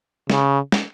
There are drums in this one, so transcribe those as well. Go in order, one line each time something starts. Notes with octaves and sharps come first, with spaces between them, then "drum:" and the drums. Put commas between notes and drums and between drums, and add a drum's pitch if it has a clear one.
C#3, drum: snare
drum: snare